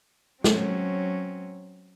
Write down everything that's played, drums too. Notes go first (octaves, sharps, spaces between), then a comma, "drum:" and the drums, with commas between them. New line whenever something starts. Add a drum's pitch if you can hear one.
F#3 C4 C#4, drum: snare